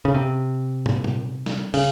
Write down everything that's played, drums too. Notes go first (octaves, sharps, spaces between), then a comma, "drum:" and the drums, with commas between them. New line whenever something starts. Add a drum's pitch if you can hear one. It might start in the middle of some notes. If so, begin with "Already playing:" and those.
C#3
C3
drum: tom
drum: tom A#2
drum: snare
C#3, drum: open hi-hat